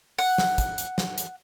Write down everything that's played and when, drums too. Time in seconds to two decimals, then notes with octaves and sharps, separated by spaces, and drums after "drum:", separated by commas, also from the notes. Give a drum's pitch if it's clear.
0.19 F#5, drum: open hi-hat
0.38 drum: snare
0.58 drum: kick, hi-hat
0.78 drum: hi-hat
0.98 drum: snare
1.18 drum: hi-hat